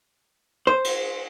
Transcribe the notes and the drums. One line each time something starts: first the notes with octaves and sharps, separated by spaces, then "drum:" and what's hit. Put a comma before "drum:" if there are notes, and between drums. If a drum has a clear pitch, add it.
C5
drum: cymbal